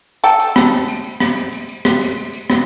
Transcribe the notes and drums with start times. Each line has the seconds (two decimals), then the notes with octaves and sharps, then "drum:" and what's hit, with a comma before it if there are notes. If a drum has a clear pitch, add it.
0.24 A4 G5, drum: tambourine
0.40 drum: tambourine
0.56 drum: rim click
0.72 drum: tambourine
0.88 drum: tambourine
1.04 drum: tambourine
1.20 drum: rim click
1.37 drum: tambourine
1.53 drum: tambourine
1.69 drum: tambourine
1.85 drum: rim click
2.01 drum: tambourine
2.17 drum: tambourine
2.33 drum: tambourine
2.50 drum: rim click